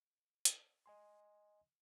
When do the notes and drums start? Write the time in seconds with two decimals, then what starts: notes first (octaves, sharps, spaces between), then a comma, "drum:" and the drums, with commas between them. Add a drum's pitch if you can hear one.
0.45 drum: hi-hat
0.86 D#5 G#5 C6